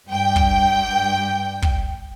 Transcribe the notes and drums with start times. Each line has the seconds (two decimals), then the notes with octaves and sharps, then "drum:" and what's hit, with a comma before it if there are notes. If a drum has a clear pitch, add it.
0.10 G2 G5
0.36 drum: kick
1.62 drum: kick